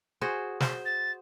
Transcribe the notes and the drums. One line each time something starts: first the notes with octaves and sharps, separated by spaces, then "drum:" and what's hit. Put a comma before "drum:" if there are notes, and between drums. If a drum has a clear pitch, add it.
F#4 G#4 C5
C5, drum: snare
A6